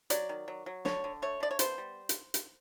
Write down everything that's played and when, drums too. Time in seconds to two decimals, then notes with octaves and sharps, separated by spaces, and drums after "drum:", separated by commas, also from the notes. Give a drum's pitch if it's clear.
0.10 F#3 D5, drum: hi-hat
0.29 D#3
0.48 F#3
0.66 F#3
0.85 D3 C#5, drum: snare
1.04 D3
1.22 A3 C#5
1.40 D3 D5
1.51 C#5
1.59 B3 C5, drum: hi-hat
1.78 G3
2.09 drum: hi-hat
2.34 drum: hi-hat